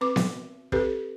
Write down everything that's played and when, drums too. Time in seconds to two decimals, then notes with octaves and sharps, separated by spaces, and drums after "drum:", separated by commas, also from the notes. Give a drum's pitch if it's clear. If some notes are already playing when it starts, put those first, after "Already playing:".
0.01 C4 B4 D6
0.16 drum: snare B3
0.72 C4 G4 A4 B4, drum: kick